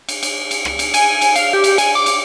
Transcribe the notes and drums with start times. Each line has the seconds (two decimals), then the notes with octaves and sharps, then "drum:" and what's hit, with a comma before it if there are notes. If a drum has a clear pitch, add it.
0.09 drum: cymbal
0.23 drum: cymbal
0.51 drum: cymbal
0.65 drum: rim click
0.79 drum: cymbal
0.94 G#5, drum: cymbal
1.21 drum: cymbal
1.36 F5, drum: cymbal
1.53 G4
1.64 drum: cymbal
1.78 G#5, drum: cymbal
1.95 D6
2.06 drum: cymbal